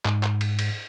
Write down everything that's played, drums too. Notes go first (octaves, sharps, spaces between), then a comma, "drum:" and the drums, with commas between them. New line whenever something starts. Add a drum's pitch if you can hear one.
G#2, drum: clap
drum: clap
drum: cymbal
drum: cymbal